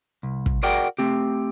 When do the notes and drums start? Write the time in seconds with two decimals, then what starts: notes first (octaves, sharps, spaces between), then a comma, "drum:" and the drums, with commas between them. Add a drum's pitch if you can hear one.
0.23 C2
0.46 drum: kick
0.63 F#4 G#4 A#4 D5 F#5 G5
0.99 A3 C4 G4